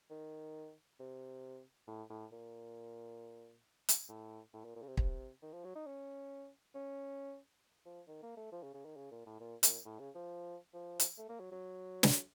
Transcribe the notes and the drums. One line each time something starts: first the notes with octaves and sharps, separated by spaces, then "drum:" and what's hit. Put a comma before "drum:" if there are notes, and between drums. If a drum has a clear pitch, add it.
D#3
C3
A2
A2
A#2
drum: hi-hat
A2
A2
A#2
A#2
C#3
C3
C3, drum: kick
D#3
F3
F#3
D#4
C#4
C#4
F3
D#3
A#3
A3
F3
C#3
C#3
D#3
C#3
A#2
A2
A#2
A#2, drum: hi-hat
A2
C#3
F3
F3
drum: hi-hat
A3
A#3
F#3
F#3
drum: snare